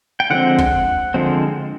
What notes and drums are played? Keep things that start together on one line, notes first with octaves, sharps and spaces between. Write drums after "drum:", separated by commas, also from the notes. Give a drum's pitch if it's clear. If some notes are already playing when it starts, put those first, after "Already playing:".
G5
D3 F3 G#3 C4 F#5
drum: kick
D3 F3 G#3 C4